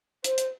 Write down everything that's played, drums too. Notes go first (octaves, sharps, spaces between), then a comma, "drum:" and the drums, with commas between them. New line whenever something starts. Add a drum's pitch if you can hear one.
C5, drum: hi-hat
drum: hi-hat